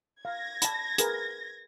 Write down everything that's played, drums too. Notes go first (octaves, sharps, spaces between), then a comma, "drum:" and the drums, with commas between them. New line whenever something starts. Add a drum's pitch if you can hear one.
F5 G#6 A#6
A5 B5, drum: hi-hat
G#4 A#4 B4, drum: hi-hat